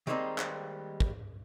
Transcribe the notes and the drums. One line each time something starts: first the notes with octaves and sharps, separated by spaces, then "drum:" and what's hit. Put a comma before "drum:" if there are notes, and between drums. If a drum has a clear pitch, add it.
D#3 G3 G#3 A#3 C4 D#4
drum: clap
drum: kick